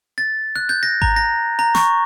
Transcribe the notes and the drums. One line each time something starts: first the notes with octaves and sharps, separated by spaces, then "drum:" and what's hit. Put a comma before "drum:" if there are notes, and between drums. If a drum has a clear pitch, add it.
A6
F#6
G6
A#6
A#5, drum: kick G#1
A#6
A#5
C#6, drum: snare